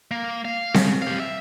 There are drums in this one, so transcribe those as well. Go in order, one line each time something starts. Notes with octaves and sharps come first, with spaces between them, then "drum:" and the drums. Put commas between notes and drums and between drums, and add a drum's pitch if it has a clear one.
A#3
F5
C#3, drum: snare C4
G4 F5
E5